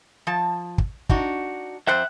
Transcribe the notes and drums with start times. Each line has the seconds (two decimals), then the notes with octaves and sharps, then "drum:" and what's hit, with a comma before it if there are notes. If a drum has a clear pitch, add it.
0.27 F3 A5
0.78 drum: kick
1.09 D4 D#4 F#4, drum: kick
1.87 F2 C5 E5 F#5 G5 F#6